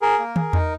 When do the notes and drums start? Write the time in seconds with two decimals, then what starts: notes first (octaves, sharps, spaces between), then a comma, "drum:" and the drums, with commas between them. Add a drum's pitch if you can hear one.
0.02 G#4 A#4
0.19 A#3
0.36 G#4, drum: tom
0.53 D#4, drum: tom E2